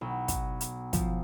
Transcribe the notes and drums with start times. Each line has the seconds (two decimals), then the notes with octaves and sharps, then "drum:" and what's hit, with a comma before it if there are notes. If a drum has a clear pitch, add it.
0.01 B1
0.28 drum: kick, hi-hat
0.61 drum: hi-hat
0.93 F3, drum: kick, hi-hat